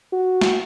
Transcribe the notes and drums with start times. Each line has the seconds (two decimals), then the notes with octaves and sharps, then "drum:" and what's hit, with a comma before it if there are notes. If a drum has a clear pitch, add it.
0.13 F#4
0.41 drum: snare